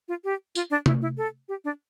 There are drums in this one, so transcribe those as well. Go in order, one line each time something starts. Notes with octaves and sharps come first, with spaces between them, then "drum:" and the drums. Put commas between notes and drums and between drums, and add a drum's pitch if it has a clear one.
F4
G4
F4, drum: tambourine
D4
E4, drum: tom C3
E4
A4
G4
D4